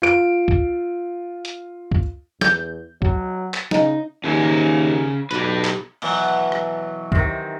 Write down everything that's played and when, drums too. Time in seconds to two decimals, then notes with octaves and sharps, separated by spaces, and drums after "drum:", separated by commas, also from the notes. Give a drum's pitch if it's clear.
0.02 F4 D7
0.48 drum: kick C#2
1.45 drum: hi-hat
1.92 drum: kick C#2
2.41 E2 G6, drum: snare
3.02 F#3, drum: kick C#2
3.54 drum: clap
3.71 C#3 D#4, drum: snare
4.24 D#2 C#4 G#4 E5
5.31 B1 G4 B4, drum: hi-hat
5.64 drum: clap
6.02 B2 E3 F#3, drum: cymbal
6.52 drum: rim click
7.12 C3 D#3, drum: kick C#2